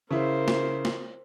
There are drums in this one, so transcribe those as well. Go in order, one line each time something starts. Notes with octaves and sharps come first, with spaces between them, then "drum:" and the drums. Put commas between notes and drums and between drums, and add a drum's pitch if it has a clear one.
C#3 E4 A#4 C5
drum: snare
drum: snare